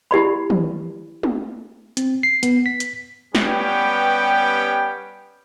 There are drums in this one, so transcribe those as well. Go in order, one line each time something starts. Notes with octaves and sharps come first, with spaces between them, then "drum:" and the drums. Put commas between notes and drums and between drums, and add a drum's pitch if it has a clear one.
E4 G4 D5 B5
drum: tom
drum: tom
C4, drum: hi-hat
C7
B3, drum: hi-hat
B6
drum: hi-hat
G3 B3 C#4 G4 B4 G5, drum: snare